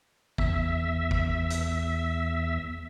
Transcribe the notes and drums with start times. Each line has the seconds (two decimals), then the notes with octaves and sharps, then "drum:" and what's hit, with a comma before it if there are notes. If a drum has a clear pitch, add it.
0.38 E2 E5, drum: kick
1.11 drum: kick
1.50 drum: hi-hat